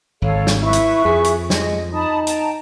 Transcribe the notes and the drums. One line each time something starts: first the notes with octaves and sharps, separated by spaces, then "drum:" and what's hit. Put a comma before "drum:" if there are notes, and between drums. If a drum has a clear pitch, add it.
G#1 A4 C#5 F5
drum: snare
E4 B4 E5 C#6
drum: hi-hat
F2 G#4
drum: hi-hat
G#3 D#5, drum: snare
D#4 A5 B5 D#6
G5 A5 A#5, drum: hi-hat